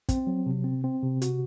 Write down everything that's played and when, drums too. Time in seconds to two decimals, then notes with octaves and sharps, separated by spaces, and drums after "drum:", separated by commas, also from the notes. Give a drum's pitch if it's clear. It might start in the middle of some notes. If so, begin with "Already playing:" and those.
0.09 C4, drum: kick, hi-hat
0.27 F#3
0.46 C3
0.64 C4
0.84 C4
1.03 C3
1.22 F#4, drum: hi-hat